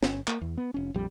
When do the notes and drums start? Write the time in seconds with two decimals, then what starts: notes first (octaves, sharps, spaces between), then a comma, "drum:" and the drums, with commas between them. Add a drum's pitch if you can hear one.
0.03 G1 C#4, drum: snare
0.28 A#3, drum: clap
0.41 E2
0.57 B3
0.74 F1 C#4
0.94 A#1 F2 G3